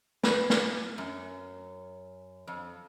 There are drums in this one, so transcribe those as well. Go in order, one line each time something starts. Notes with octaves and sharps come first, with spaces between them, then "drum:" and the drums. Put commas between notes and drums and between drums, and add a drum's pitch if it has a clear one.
B4, drum: snare
drum: snare
F#2
F2